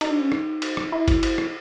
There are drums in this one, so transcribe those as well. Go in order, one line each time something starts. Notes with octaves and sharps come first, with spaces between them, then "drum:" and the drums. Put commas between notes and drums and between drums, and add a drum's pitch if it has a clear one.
D#4, drum: cymbal
D4
C#4
D#4, drum: rim click
drum: cymbal
drum: rim click
E4
drum: kick G1, cymbal
drum: cymbal
drum: rim click